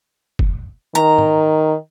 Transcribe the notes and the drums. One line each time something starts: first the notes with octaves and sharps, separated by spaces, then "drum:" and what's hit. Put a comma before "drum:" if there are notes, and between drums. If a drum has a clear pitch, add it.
drum: kick F1
D#3 A#5
drum: tom G#2